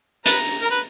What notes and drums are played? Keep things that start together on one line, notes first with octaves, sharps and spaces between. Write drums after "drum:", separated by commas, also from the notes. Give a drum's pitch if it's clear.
B4 A#5, drum: hi-hat
A#4
B4